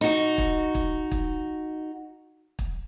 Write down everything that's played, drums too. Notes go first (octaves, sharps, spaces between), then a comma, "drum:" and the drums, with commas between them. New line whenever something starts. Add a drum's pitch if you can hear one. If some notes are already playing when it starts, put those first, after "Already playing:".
D#4 F#4
drum: kick
drum: kick
drum: kick
drum: kick